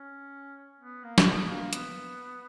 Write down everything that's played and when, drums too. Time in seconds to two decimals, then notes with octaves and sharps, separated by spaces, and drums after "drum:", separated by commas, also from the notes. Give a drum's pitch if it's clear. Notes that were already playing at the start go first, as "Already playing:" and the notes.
Already playing: C#4
0.80 B3
1.04 A#3
1.18 drum: snare
1.27 B3
1.49 A#3
1.73 B3, drum: hi-hat